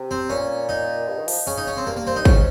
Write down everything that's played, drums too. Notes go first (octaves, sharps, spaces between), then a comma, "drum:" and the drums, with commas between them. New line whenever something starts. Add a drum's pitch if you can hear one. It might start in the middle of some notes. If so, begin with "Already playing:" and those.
Already playing: C3
C4
A#2 C#4
D#4
G2
D#3
F3, drum: open hi-hat
C#3 C#4
D#4
C#4
C4
G2 A#3
A#3
C4
D#4
G#2 C#4, drum: kick